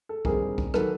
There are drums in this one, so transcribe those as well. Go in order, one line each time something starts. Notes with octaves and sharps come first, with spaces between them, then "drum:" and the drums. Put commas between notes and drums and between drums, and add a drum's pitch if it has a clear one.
A4
A#1 G#2 D#3 G3 C4 G#4 A#4, drum: kick
drum: kick
D#3 F#3 A#3 A4 B4, drum: rim click